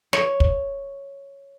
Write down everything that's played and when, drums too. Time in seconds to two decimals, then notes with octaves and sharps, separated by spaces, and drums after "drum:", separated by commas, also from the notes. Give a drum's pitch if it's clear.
0.13 C#5, drum: snare
0.40 drum: kick